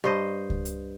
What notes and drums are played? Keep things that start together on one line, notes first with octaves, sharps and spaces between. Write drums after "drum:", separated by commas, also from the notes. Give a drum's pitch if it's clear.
G2 C5 D#5
drum: kick C#2
drum: hi-hat